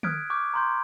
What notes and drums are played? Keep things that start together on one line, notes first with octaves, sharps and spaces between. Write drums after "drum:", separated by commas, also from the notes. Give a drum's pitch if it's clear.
D#6 F6 F#6 G#6 B6 D7, drum: tom D3
C#6 D6 F6 G6
A#5 C6 G6